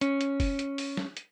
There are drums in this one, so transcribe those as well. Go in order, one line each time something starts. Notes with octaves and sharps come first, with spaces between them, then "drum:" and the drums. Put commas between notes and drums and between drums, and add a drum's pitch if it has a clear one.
C#4, drum: hi-hat
drum: hi-hat
drum: kick, open hi-hat
drum: hi-hat
drum: open hi-hat
drum: snare
drum: hi-hat